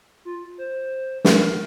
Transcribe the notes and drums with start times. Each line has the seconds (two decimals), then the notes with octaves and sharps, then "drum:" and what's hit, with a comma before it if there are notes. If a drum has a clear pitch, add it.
0.25 F4
0.58 C5
1.25 A#4, drum: snare